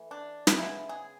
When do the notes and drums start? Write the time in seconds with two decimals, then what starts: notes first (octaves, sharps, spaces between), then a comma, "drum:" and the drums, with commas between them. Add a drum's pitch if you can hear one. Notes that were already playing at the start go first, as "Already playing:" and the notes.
Already playing: E3 A3
0.11 D4
0.47 drum: snare
0.58 C#3 G#3 B3 E4
0.89 G#4